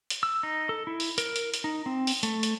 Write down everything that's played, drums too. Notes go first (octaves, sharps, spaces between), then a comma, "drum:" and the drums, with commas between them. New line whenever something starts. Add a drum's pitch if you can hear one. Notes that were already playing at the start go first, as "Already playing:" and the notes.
drum: hi-hat
E6
D#4
A4
E4
drum: open hi-hat
A#4, drum: hi-hat
drum: hi-hat
drum: hi-hat
D#4
C4
drum: open hi-hat
A3, drum: hi-hat
drum: hi-hat